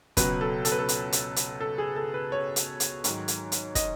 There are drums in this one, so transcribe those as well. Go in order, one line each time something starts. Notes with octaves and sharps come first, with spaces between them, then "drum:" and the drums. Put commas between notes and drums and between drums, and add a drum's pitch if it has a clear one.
C#2 B2 F#3 B4, drum: kick, hi-hat
A4
A4, drum: hi-hat
B4
A4
drum: hi-hat
drum: hi-hat
drum: hi-hat
A4
G#4
A4
B4
C#5
drum: hi-hat
drum: hi-hat
G#2 D#3 F#3, drum: hi-hat
drum: hi-hat
drum: hi-hat
D#5, drum: kick, hi-hat